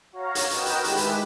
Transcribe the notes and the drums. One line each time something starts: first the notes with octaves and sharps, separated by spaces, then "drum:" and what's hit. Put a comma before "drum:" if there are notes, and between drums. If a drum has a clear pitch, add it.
F#4 C#5 F5 A#5
drum: hi-hat
F#4 A#4 B4 D#5 G5 E7, drum: hi-hat
drum: hi-hat
D#3 G#3 E4 G4 B4, drum: hi-hat
drum: hi-hat